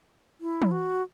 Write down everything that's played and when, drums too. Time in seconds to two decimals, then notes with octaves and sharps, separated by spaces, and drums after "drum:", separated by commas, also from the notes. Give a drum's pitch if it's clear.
0.41 E4
0.62 drum: tom E3
0.71 F#4